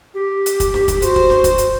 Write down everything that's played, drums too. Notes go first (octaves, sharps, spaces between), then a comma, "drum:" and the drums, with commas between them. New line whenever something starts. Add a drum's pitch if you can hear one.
G4
drum: hi-hat
drum: kick, hi-hat
drum: snare
drum: kick, hi-hat
F#4 C5, drum: hi-hat
drum: kick
drum: snare
drum: kick, hi-hat
drum: hi-hat